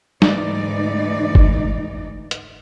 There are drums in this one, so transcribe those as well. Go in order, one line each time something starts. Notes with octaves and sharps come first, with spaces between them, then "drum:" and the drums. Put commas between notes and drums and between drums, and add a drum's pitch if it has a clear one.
D2 G#2 E3 D#4 D5, drum: snare
drum: kick
drum: hi-hat